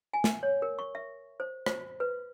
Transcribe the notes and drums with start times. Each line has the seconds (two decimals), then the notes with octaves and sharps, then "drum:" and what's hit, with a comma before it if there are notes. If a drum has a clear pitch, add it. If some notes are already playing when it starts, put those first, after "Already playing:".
0.13 G#5
0.24 drum: snare
0.43 C#5
0.62 A#4
0.79 C#6
0.95 E5
1.40 C5
1.66 C5, drum: rim click
2.00 B4